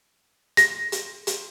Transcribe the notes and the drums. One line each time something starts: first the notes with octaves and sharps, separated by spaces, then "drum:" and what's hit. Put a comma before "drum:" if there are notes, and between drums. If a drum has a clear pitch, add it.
A#6, drum: hi-hat
drum: hi-hat
drum: hi-hat